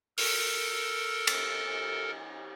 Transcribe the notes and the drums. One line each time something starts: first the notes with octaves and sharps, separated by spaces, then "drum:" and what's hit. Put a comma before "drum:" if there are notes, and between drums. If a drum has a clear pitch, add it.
A4 A#4, drum: open hi-hat
drum: cymbal